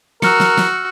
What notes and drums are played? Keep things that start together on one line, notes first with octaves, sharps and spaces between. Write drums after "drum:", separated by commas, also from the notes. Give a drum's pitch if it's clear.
F#4 A#4 E6 F6 C#7, drum: snare
drum: snare
drum: snare